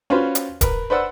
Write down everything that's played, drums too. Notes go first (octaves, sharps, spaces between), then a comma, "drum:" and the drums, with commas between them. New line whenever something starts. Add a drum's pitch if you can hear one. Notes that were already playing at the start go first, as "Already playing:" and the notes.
C#4 F4 F#4 B4 C5
drum: hi-hat
A#4 B4, drum: kick D#1, hi-hat
B4 C5 D5 F#5 E6